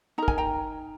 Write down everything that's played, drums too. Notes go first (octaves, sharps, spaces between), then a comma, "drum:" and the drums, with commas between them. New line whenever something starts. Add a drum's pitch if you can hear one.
D#4 A#4 A#5
G#5, drum: kick
G5 A#5